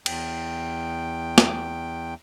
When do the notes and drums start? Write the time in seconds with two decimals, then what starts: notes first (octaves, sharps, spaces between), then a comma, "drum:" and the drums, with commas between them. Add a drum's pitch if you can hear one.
0.06 E2 G5, drum: cymbal
1.38 drum: snare